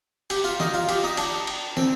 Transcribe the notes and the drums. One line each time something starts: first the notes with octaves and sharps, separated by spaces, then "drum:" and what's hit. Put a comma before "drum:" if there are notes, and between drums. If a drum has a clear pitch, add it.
G4, drum: cymbal
F4
D#4, drum: snare
F4
G4, drum: cymbal
D#4
D4, drum: cymbal
drum: cymbal
C4, drum: snare